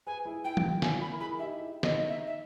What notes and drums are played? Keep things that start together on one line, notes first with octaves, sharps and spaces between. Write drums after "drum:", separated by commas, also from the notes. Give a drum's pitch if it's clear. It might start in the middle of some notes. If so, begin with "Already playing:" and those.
G#4 B4 G#5
E4 G#4
E4 G5
drum: tom E3
E4 G#5, drum: snare
B5
A#4
E4 G#4 B5
D#4 G4 E5
E4
D#4 D#5, drum: snare
D#4 E5
E5